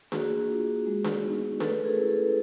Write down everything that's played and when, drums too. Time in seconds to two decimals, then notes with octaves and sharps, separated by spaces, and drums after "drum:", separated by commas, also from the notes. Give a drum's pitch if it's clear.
0.12 A#3 F#4 G#4, drum: snare D4
0.49 D4 F4
0.86 G#3
1.04 drum: snare D4
1.23 B3 D#4
1.60 A3 A4 B4, drum: snare D4
1.84 G#4 A#4
1.96 C#4 E4
2.08 A4 B4